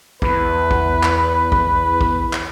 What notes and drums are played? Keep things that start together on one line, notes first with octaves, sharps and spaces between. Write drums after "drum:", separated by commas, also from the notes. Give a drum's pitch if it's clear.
E2 B4, drum: kick A#1
drum: kick A#1
drum: clap
drum: kick A#1
drum: kick A#1
drum: clap